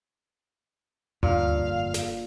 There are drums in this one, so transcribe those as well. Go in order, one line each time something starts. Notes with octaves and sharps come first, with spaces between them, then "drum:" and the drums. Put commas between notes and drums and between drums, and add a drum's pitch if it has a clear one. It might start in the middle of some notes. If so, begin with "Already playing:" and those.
F1 G2 A#2 D3 F5, drum: tom D2
drum: snare